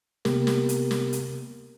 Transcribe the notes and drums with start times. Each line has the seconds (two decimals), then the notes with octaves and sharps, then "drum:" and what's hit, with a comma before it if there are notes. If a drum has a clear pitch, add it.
0.25 C3 A#3 B3 G4 A#4, drum: snare
0.47 drum: snare
0.69 drum: hi-hat
0.91 drum: snare
1.13 drum: hi-hat